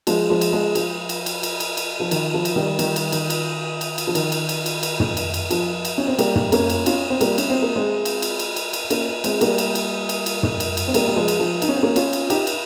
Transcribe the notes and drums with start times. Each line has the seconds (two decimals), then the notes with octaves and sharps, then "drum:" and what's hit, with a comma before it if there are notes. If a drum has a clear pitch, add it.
0.07 F3 G#3, drum: cymbal
0.30 F3 G#3
0.41 drum: cymbal
0.53 F3 G#3
0.75 F3, drum: cymbal
1.09 drum: cymbal
1.26 drum: cymbal
1.43 drum: cymbal
1.60 drum: cymbal
1.77 drum: cymbal
2.00 F3
2.11 D#3, drum: cymbal
2.34 F3
2.45 drum: cymbal
2.56 D#3 G3
2.79 D#3 G3, drum: cymbal
2.96 drum: cymbal
3.12 D#3, drum: cymbal
3.30 drum: cymbal
3.81 drum: cymbal
3.98 drum: cymbal
4.07 F3
4.15 D#3, drum: cymbal
4.32 drum: cymbal
4.49 drum: cymbal
4.66 drum: cymbal
4.83 drum: cymbal
5.00 drum: tom
5.17 drum: cymbal
5.34 drum: cymbal
5.51 F3, drum: cymbal
5.85 drum: cymbal
5.98 C#4
6.08 C4
6.19 G3 A#3, drum: cymbal
6.36 drum: tom
6.52 A#3 C#4, drum: cymbal
6.70 drum: cymbal
6.86 C#4 F4, drum: cymbal
7.10 C4
7.21 G3 A#3, drum: cymbal
7.38 C#4, drum: cymbal
7.50 C4
7.62 A#3
7.76 G#3 C4
8.05 drum: cymbal
8.22 drum: cymbal
8.39 drum: cymbal
8.56 drum: cymbal
8.73 drum: cymbal
8.90 A#3 C#4, drum: cymbal
9.24 G#3 C4, drum: cymbal
9.41 G3 A#3, drum: cymbal
9.58 drum: cymbal
9.75 drum: cymbal
10.09 drum: cymbal
10.26 drum: cymbal
10.43 drum: tom
10.60 drum: cymbal
10.77 drum: cymbal
10.88 C4
10.94 G3 A#3, drum: cymbal
11.08 G3
11.16 F3 G#3
11.28 drum: cymbal
11.39 F3
11.62 D#4, drum: cymbal
11.69 C#4
11.76 C4
11.83 A#3 C#4
11.96 C#4 F4, drum: cymbal
12.13 drum: cymbal
12.30 D#4 G4, drum: cymbal
12.47 drum: cymbal